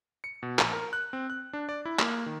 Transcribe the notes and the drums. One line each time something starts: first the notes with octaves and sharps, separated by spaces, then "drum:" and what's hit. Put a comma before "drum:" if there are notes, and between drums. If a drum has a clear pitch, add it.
C#7
B2
A#1, drum: clap
A#4
F#6
C4
F#6
D4
D5
E4
A#3, drum: clap
D#3